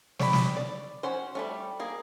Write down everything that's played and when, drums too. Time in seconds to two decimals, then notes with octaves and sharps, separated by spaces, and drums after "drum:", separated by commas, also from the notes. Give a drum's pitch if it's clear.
0.19 C#5 D5 G5 B5, drum: snare
0.33 drum: snare
0.57 D5
1.03 C#4 F#4 C5
1.35 G3 A3 C#4
1.80 A#3 G#4